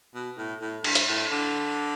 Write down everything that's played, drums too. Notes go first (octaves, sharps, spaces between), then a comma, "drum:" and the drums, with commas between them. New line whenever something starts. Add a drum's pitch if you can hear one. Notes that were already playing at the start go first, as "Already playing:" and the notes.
B2
A2
A2
G2, drum: cymbal
drum: hi-hat
A2
D3